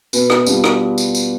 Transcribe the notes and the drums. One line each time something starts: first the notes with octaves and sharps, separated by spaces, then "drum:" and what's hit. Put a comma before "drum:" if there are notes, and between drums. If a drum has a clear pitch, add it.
B2 B4, drum: tambourine
drum: rim click
G3 B3 D4 F4, drum: tambourine
drum: rim click
drum: tambourine
drum: tambourine